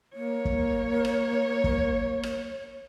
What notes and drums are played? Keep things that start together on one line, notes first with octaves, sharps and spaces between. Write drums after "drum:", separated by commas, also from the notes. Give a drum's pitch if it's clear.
A#3 C#5
drum: kick
drum: rim click
drum: kick
drum: rim click